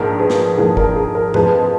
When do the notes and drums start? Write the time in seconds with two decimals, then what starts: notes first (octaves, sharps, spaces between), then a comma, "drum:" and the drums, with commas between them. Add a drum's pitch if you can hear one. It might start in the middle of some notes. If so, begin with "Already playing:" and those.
Already playing: A#1 G#2 F3 A#3 A#4
0.19 G#4 B4
0.30 drum: snare
0.57 A#1 G#2 F3 A#3 G#4
0.77 A#4, drum: kick
0.96 G#4
1.15 A#4
1.34 F2 F3 G#3 G#4 B4, drum: tom